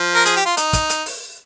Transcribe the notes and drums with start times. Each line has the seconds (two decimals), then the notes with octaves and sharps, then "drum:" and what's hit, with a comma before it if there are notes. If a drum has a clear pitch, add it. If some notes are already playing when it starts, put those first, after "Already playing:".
Already playing: F3
0.15 A#4
0.25 G#4, drum: hi-hat
0.37 G4
0.46 F4
0.57 D#4, drum: hi-hat
0.73 drum: kick, hi-hat
0.90 drum: hi-hat
1.06 drum: open hi-hat